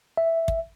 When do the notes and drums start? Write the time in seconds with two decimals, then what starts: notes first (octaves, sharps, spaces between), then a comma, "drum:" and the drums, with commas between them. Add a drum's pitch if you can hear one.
0.17 E5
0.48 drum: kick